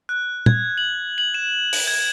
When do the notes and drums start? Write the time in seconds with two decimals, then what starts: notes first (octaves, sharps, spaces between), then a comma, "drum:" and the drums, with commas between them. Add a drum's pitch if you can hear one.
0.09 F#6
0.46 G#6, drum: tom
0.78 F#7
1.18 F#7
1.34 E7
1.73 drum: open hi-hat
1.87 G#6